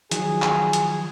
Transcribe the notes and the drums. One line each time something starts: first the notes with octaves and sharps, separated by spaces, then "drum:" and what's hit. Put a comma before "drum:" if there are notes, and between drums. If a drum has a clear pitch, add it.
D#3 F3 F#3 G#4, drum: hi-hat
drum: clap
drum: hi-hat